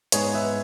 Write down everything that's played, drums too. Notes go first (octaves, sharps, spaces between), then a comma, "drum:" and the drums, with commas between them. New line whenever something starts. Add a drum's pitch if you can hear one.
G#2 G#3 B3 G#4 C#5, drum: hi-hat
B4 E5